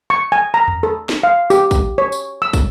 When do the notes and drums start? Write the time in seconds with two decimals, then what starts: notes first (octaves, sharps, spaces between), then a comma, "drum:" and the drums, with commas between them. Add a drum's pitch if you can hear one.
0.10 C#6
0.32 G#5
0.54 A#5
0.68 drum: tom E2
0.83 A4
1.09 drum: snare
1.23 F5
1.50 G4, drum: tambourine
1.71 drum: kick, tambourine
1.98 C#5
2.12 drum: tambourine
2.42 E6
2.53 drum: kick, tambourine